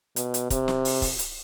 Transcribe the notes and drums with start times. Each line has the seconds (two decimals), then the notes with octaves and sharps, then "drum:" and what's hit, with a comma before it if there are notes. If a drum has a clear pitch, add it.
0.16 B2, drum: hi-hat
0.34 drum: hi-hat
0.50 C3, drum: kick, hi-hat
0.68 drum: snare
0.85 drum: open hi-hat
1.02 drum: kick, open hi-hat
1.19 drum: hi-hat